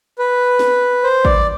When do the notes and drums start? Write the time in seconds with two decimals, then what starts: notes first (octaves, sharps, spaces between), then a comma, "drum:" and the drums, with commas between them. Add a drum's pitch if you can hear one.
0.19 B4
0.59 drum: snare
1.04 C5
1.25 D5, drum: kick A1